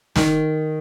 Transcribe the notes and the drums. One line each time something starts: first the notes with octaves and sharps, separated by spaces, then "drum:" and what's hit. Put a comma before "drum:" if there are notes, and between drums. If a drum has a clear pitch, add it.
D#3, drum: snare